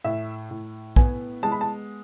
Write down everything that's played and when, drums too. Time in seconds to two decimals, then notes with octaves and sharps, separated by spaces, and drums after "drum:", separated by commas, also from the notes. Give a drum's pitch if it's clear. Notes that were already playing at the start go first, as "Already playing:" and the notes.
0.04 A2 E5
0.51 A2
0.96 B3 G#5, drum: kick
1.43 G#3 A5
1.52 B5
1.61 A5